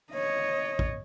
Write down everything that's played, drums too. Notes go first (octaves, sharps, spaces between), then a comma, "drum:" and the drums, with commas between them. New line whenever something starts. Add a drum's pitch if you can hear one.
C#5 D#5
drum: kick